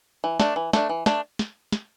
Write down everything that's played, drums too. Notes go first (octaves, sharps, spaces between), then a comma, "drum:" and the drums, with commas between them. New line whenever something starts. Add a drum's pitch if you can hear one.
E3
A3 D4, drum: snare
E3
A3 D4, drum: snare
E3
A3 D4, drum: snare
drum: snare
drum: snare